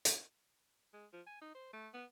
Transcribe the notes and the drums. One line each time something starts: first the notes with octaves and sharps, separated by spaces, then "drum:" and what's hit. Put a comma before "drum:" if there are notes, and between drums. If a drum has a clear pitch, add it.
drum: hi-hat
G#3
F3
G#5
D#4
C5
A3
B3